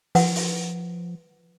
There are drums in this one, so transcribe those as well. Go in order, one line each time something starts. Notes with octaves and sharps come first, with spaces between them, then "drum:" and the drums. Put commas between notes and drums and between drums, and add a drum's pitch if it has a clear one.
F3 B4 F#5, drum: open hi-hat
drum: open hi-hat